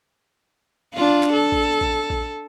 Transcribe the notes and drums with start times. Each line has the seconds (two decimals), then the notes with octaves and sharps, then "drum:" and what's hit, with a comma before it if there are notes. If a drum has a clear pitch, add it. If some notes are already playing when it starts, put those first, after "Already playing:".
0.94 D4 F4
1.23 drum: clap
1.33 A4
1.52 drum: kick A#1
1.81 drum: kick A#1
2.10 drum: kick A#1